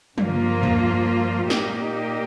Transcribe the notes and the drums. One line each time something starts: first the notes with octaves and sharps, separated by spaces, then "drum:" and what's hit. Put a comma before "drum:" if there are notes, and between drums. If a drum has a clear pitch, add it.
G2 F3 A#3 F4, drum: tom
drum: tom
A#2 A#3 D#4 G4 D#5, drum: snare